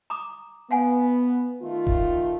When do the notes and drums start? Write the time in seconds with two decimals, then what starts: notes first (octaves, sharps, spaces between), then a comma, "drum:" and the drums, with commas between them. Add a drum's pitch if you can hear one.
0.10 A#5 D6 D#6
0.71 B3 F5 F#5 G#5
1.62 D#3 A3 F4
1.87 drum: kick E1